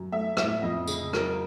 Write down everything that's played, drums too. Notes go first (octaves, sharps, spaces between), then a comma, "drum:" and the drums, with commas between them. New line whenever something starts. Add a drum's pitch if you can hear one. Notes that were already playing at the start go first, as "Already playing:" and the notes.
Already playing: F#2
A3 E5
A2 E5, drum: rim click
F2 D#5
C#3, drum: tambourine
F#3 A#4, drum: rim click